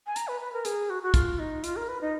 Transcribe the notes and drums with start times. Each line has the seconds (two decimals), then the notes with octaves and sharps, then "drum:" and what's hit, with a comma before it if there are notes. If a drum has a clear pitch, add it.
0.06 G#5
0.16 A#5, drum: hi-hat
0.28 B4
0.41 B4
0.53 A#4
0.65 G#4, drum: hi-hat
0.90 F#4
1.03 F#4
1.14 F4, drum: kick, hi-hat
1.39 D#4
1.64 F4, drum: hi-hat
1.76 A#4
1.88 B4
2.01 D#4